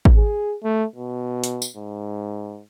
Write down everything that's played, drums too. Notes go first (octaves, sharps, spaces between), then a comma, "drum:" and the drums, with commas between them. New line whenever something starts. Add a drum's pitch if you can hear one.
drum: kick G#1
G#4
A3
B2
drum: hi-hat
drum: tambourine
G#2